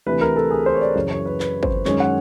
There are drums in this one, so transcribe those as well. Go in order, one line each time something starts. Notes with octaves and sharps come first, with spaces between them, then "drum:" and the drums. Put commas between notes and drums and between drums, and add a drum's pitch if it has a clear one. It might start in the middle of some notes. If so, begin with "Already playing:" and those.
D2 C3 E3 B4
A#4
A4
G#4
C5
C#5
D5
F#2 C#3 E3 C#5
C#5
B4
B4, drum: clap
C5, drum: kick
F#2 D#3 G#3 C#4 C#5, drum: clap
F#5